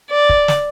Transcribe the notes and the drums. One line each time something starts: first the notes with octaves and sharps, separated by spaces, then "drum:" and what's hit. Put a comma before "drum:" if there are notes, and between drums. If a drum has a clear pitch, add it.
D5
drum: kick
drum: snare